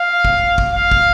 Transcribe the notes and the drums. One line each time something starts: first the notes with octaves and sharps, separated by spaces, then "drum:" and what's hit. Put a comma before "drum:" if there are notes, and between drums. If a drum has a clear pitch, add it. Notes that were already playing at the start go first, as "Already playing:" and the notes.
Already playing: F5
drum: kick
drum: kick
F5
drum: kick